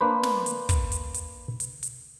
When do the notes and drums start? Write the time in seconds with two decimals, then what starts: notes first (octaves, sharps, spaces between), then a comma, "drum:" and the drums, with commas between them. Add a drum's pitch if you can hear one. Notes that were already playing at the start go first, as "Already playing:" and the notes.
0.01 A#3 D4 B4 C5
0.23 drum: snare
0.46 drum: hi-hat
0.69 drum: kick, hi-hat
0.92 drum: hi-hat
1.14 drum: hi-hat
1.60 drum: hi-hat
1.83 drum: hi-hat